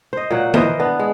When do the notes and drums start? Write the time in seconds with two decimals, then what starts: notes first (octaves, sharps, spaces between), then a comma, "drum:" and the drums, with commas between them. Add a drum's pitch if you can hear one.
0.13 C5 D#5
0.31 A#2 F#3 F#5
0.54 E3 A#4 C5 D#5, drum: tom
0.79 B3 D4
0.99 G#3